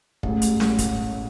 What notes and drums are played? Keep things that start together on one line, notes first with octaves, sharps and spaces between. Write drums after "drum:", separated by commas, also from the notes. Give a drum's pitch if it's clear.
A1 A2 G#3, drum: kick
drum: hi-hat
drum: snare C#4
drum: kick, hi-hat